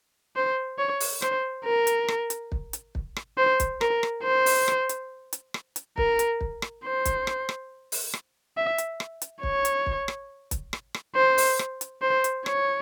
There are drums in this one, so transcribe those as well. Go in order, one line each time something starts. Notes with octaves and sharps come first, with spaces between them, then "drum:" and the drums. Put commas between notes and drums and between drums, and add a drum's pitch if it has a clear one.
C5
C#5
drum: open hi-hat
C5, drum: rim click
A#4
drum: hi-hat
drum: rim click
drum: hi-hat
drum: kick
drum: hi-hat
drum: kick
drum: rim click
C5
drum: kick, hi-hat
A#4, drum: rim click
drum: rim click
C5
drum: open hi-hat
drum: rim click
drum: hi-hat
drum: hi-hat
drum: rim click
drum: hi-hat
A#4, drum: kick
drum: hi-hat
drum: kick
drum: rim click
C5
drum: kick, hi-hat
drum: rim click
drum: rim click
drum: open hi-hat
drum: rim click
E5
drum: hi-hat
drum: rim click
drum: hi-hat
C#5, drum: kick
drum: hi-hat
drum: kick
drum: rim click
drum: kick, hi-hat
drum: rim click
drum: rim click
C5
drum: open hi-hat
drum: rim click
drum: hi-hat
C5
drum: hi-hat
C#5, drum: rim click